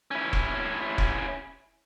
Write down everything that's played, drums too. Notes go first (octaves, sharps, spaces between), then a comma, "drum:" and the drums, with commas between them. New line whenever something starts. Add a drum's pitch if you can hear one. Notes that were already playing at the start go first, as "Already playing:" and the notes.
C#4 E4
drum: kick E1
drum: kick E1